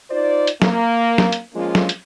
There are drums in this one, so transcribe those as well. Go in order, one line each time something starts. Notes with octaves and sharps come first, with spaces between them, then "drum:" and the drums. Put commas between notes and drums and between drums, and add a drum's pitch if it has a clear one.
D#4 F4 C5 D5
drum: hi-hat
A#3, drum: snare
drum: snare
drum: hi-hat
F3 G#3 A#3 C#4 F4
drum: snare
drum: hi-hat